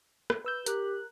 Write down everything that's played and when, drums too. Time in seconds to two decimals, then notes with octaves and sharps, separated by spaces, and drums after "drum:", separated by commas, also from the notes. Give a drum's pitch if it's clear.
0.30 drum: rim click
0.44 B4 E6 G6
0.66 G4 A#4 F#6, drum: hi-hat